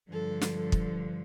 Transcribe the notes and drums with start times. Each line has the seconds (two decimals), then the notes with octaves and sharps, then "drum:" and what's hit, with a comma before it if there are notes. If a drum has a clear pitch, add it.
0.11 G2 D3 F3 A4
0.41 drum: snare
0.56 A4
0.72 drum: kick